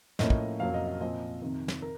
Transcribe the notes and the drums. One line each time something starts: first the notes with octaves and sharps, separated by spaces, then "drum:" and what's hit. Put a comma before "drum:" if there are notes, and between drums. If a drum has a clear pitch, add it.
A2 F3 A#3 C#4 D#5, drum: snare
drum: kick
F2 C3 F#3 A#3 C#4 F5
D#5
F5
A#2 F3 C4 D#5
F2 C3 D#3
drum: snare
A#4